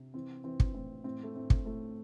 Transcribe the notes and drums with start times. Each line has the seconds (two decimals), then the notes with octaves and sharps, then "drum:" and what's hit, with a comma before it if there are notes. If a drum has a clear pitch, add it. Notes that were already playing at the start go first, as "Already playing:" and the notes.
Already playing: C3
0.14 E3 C4
0.44 E3 C4
0.60 drum: kick
0.74 A2 C4
1.04 A2 C4
1.23 A3
1.35 A2 C4
1.50 drum: kick
1.65 A2 A3